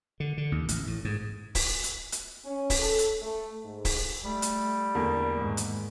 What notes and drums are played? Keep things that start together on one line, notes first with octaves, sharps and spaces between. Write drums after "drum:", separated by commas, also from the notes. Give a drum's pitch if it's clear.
D3
D3
D#2
A1, drum: hi-hat
A2
G#2
drum: kick, open hi-hat
drum: hi-hat
drum: hi-hat
C#4
drum: kick, open hi-hat
A4
drum: hi-hat
A3
G#2
drum: kick, open hi-hat
G3 A3
drum: hi-hat
E2 D3 A#3
G#2 D#3
drum: hi-hat